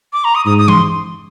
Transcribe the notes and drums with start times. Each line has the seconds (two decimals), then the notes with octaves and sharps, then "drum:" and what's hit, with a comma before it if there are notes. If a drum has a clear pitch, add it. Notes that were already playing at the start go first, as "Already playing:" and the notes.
0.13 D6
0.24 A#5
0.35 D#6
0.46 G#2 D#6
0.58 D#6
0.68 C6, drum: tom E3